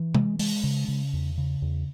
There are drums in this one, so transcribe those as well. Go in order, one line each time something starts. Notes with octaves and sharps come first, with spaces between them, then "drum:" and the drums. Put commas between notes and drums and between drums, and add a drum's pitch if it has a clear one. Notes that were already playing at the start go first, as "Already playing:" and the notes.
Already playing: E3
G#3, drum: tom C3
G#3, drum: open hi-hat
C#3
C#3
E2
C#3
E2